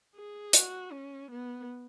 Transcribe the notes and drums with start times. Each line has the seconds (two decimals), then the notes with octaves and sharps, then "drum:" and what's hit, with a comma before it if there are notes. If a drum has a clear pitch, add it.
0.16 G#4
0.53 F#4, drum: hi-hat
0.92 C#4
1.31 B3